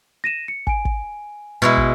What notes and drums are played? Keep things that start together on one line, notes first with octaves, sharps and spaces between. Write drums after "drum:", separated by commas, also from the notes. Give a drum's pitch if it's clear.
A#6 D#7 E7
C#7
G#5 D7, drum: kick
drum: kick
B2 G#3 E4 C#6 F6
drum: kick